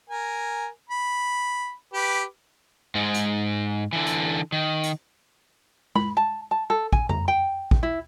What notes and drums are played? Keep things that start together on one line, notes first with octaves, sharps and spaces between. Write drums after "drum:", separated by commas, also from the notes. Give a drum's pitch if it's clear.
A#4 G#5
B5
G4 B4 D6
G#2 G#3
drum: hi-hat
D3 E3
drum: hi-hat
D#3
drum: hi-hat
B5, drum: tom G#3
A5
A5
A4
G#5, drum: kick
A#5, drum: tom F2
G5
drum: kick
E4